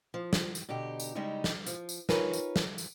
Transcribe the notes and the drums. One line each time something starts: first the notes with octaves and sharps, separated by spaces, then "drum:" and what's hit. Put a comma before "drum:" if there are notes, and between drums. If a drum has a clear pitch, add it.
F3
drum: snare
drum: tambourine
B2 D3 D#4 G4
drum: tambourine
C#3 G3 G#3 C#4 D#4 E4
drum: snare
F3, drum: tambourine
drum: tambourine
D#4 F4 A#4 B4 C#5 G#5, drum: snare
drum: tambourine
drum: snare
drum: tambourine